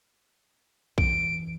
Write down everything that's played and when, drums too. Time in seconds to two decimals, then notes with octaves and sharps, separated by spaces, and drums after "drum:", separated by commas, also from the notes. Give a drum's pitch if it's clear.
0.98 F#2 E3 D7, drum: kick B1